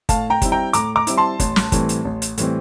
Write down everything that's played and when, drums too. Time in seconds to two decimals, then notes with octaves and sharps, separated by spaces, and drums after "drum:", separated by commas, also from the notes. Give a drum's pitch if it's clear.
0.09 A2 F5 A5, drum: kick G1, hi-hat
0.30 G5 A#5
0.42 G3 C4 E4, drum: kick G1, hi-hat
0.52 G5 A#5
0.73 A2 A#5 D6, drum: hi-hat
0.96 A#5 D6
1.07 G3 C4 E4, drum: hi-hat
1.17 A5 C6
1.40 A1, drum: kick G1, hi-hat
1.56 drum: snare
1.72 A2 E3 G3 C4, drum: kick G1, hi-hat
1.89 drum: hi-hat
2.05 A1
2.22 drum: hi-hat
2.38 A2 E3 G3 C4, drum: hi-hat